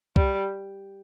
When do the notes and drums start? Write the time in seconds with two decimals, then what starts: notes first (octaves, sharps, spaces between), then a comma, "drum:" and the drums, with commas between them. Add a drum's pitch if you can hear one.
0.16 G3, drum: kick C2